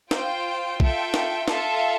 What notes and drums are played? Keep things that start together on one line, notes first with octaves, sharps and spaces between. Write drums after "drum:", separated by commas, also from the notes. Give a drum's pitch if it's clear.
F4 C5 G5, drum: snare
F4 A4 E5 G5, drum: kick B1
drum: snare
F4 A4 E5 A5, drum: snare